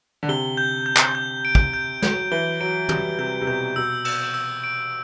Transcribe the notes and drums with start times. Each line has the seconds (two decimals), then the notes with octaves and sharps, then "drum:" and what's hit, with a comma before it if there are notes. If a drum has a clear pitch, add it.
0.23 D3
0.28 C3 G7
0.57 G6
0.86 G6
0.97 drum: clap
1.15 G6
1.45 D7
1.55 drum: kick
1.74 G6
2.02 F#3 G6, drum: snare
2.31 E3 G7
2.61 F#3 D7
2.89 G3 G6, drum: tom
3.19 C3 G6
3.41 C3
3.47 B2 G6
3.76 B2 E6
4.05 E6, drum: cymbal
4.34 E6
4.64 D7